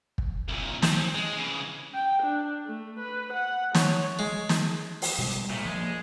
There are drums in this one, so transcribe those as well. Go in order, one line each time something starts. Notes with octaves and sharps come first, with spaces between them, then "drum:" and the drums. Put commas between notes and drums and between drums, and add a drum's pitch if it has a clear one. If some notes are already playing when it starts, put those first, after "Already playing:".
drum: kick
C2 A#2
C4 C#4, drum: snare
G#3
C#3 E3
G5
D4
A3
B4
F#5
C#5, drum: snare
G#3
drum: snare
drum: open hi-hat
B2 G3 G#3
A#2 A3
F3 G#3 A#3